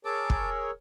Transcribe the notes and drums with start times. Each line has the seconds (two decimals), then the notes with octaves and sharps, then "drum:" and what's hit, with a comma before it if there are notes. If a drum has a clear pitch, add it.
0.05 G#4 A#4 C#5 A5 D6 E6
0.30 drum: kick